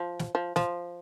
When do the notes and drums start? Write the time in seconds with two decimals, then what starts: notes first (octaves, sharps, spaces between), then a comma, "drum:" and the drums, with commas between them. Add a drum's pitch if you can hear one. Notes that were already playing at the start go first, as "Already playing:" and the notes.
Already playing: F3
0.19 drum: snare
0.35 F3
0.56 F3, drum: snare